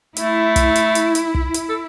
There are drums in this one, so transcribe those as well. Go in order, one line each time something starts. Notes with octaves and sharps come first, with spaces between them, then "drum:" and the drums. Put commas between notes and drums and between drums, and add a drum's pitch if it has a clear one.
A3 E4, drum: hi-hat
drum: kick, hi-hat
drum: hi-hat
drum: hi-hat
drum: hi-hat
drum: kick
drum: hi-hat
A4